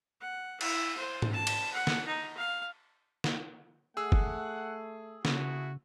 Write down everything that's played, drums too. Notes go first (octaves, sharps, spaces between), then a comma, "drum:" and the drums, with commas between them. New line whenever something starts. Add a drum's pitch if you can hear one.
F#5
E4, drum: cymbal
C5
drum: tom G#2
A5
drum: cymbal
F#5
drum: snare
D#4
F5
drum: snare
A3 G#4 F#5 E6
drum: kick
C#3 A3 E4 F#4, drum: snare